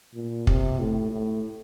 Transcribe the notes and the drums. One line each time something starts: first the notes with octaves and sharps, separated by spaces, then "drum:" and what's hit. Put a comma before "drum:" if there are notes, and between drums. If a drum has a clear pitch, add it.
A#2
C3, drum: kick
A2
A2